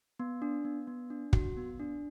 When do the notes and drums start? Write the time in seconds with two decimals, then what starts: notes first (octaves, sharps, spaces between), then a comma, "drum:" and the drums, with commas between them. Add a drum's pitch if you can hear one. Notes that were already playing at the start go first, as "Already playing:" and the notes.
0.20 B3
0.42 D4
0.65 B3
0.88 B3
1.10 D4
1.33 F#4, drum: kick
1.57 B3
1.79 D4